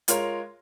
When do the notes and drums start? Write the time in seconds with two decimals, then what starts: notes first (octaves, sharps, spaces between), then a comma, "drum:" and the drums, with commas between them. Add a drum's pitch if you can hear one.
0.08 G#3 F4 A#4 C#5, drum: hi-hat